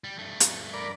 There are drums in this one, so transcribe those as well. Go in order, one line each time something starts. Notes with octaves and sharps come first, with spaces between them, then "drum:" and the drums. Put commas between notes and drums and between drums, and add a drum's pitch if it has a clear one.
G3
G2 A3
drum: hi-hat
A#4 D5 B5